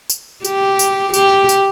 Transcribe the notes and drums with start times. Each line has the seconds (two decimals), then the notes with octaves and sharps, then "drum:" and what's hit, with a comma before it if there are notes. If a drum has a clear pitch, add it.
0.10 drum: tambourine
0.45 G4, drum: tambourine
0.79 drum: tambourine
1.14 G4, drum: tambourine
1.49 drum: tambourine